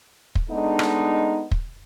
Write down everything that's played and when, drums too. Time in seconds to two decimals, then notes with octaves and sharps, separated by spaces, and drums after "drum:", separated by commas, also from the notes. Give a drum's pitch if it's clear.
0.35 drum: kick
0.50 G#3 A3 B3 D4 D#4
0.79 drum: rim click
1.51 drum: kick